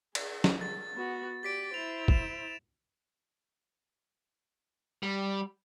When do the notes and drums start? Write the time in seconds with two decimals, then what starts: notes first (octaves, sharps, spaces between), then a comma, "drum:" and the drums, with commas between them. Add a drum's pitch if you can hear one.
0.15 G#4, drum: cymbal
0.44 drum: snare
0.61 A6
0.94 B3 F#4
1.43 G4 D5 A6 B6 D7
1.74 E4 C5 F7
2.08 E7, drum: kick
5.03 G3